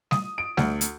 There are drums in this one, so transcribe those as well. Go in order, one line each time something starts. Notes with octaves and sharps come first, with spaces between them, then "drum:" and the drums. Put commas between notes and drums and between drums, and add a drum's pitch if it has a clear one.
D#6, drum: snare G3
D7
D2, drum: snare G3
drum: hi-hat